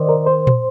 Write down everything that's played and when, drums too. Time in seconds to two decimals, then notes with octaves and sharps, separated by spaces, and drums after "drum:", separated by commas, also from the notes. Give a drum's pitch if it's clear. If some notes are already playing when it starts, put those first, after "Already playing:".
Already playing: D#3 C5 D5 D#5
0.09 A#4
0.26 C5
0.47 drum: tom A#2